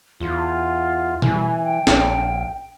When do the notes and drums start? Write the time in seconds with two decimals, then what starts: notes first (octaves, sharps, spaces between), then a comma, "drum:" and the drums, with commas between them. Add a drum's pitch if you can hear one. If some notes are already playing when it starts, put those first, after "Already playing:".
0.20 E2 F4
1.22 E3 G#5, drum: tom B2
1.64 G5
1.87 A#1, drum: snare